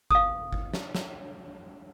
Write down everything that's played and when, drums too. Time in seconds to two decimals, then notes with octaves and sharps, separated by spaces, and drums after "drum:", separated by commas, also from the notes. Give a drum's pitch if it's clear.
0.11 F5 D#6, drum: kick G1
0.53 drum: kick G1
0.74 drum: snare
0.95 drum: snare